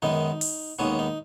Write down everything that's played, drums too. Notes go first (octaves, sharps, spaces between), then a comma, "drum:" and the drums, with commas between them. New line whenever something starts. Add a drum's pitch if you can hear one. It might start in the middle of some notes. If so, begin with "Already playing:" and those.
F#2 D#3 G#3 B3 D#4
drum: open hi-hat
D#2 D#3 G#3 B3 C#4
D#4